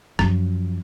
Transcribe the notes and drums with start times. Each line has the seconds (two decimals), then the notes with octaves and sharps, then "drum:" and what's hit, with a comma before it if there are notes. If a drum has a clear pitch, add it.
0.19 F#2 F3, drum: rim click